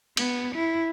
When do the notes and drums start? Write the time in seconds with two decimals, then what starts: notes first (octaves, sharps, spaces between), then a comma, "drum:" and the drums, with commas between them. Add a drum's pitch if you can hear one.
0.17 B3, drum: cymbal
0.55 E4